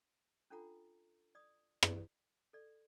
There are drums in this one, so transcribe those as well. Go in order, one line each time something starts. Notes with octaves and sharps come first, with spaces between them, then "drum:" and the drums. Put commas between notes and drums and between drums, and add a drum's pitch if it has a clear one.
C#4 D4 F4 A4 F#5 A#5
D5 D#6
drum: rim click
A4 D5